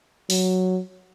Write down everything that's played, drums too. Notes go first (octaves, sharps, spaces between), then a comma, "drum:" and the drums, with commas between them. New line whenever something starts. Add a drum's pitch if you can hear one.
F#3, drum: open hi-hat